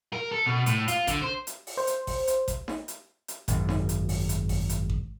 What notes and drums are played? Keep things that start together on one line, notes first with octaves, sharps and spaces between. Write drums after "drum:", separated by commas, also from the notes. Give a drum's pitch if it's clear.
A#4
A4
B2
A2, drum: hi-hat
F4, drum: hi-hat
D3, drum: kick A1, hi-hat
C5
drum: hi-hat
drum: open hi-hat
C5
drum: hi-hat
drum: kick A1, open hi-hat
drum: hi-hat
drum: kick A1, hi-hat
drum: snare D#4
drum: hi-hat
drum: hi-hat
G#1 F#2, drum: kick A1, hi-hat
drum: snare D#4
drum: hi-hat
drum: open hi-hat
drum: hi-hat
drum: kick A1, open hi-hat
drum: hi-hat
drum: kick A1